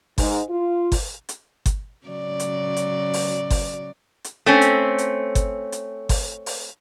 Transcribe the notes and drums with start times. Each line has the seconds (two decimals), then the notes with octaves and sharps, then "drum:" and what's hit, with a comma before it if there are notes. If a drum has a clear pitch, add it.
0.18 G#2, drum: kick G1, open hi-hat
0.50 F4
0.92 drum: kick G1, open hi-hat
1.29 drum: hi-hat
1.66 drum: kick G1, hi-hat
2.07 C#3 F#3 D5
2.40 drum: hi-hat
2.77 drum: hi-hat
3.13 drum: open hi-hat
3.50 drum: kick G1, open hi-hat
4.24 drum: hi-hat
4.46 A3 C4 C#4
4.61 drum: hi-hat
4.98 drum: hi-hat
5.35 drum: kick G1, hi-hat
5.72 drum: hi-hat
6.09 drum: kick G1, open hi-hat
6.46 drum: open hi-hat